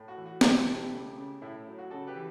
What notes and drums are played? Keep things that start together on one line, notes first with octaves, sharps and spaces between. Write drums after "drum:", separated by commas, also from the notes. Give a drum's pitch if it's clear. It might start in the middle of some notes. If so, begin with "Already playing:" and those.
Already playing: A2
F#4
E3
F#4
B2 E4 G4, drum: snare
A3
C#2
C#3
A2 E4
F#3
F#4
C#3 F#4 A4
G4 B4
E3